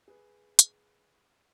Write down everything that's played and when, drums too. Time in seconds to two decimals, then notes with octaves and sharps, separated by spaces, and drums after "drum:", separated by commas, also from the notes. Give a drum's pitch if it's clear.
0.08 G#4 B4
0.59 drum: hi-hat